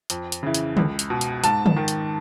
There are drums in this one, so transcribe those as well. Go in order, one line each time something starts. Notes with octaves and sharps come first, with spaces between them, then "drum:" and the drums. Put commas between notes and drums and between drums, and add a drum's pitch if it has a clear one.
F2, drum: hi-hat
drum: hi-hat
C#3 E3
drum: hi-hat
C#2, drum: tom
drum: hi-hat
B2
drum: hi-hat
G#2 A5, drum: hi-hat
drum: tom
D#3
drum: hi-hat